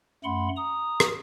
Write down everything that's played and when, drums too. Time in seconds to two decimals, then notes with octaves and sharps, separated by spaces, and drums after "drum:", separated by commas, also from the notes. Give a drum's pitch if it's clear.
0.24 F#2 A3 F#5 B5 C6
0.56 A#5 D#6
1.00 drum: rim click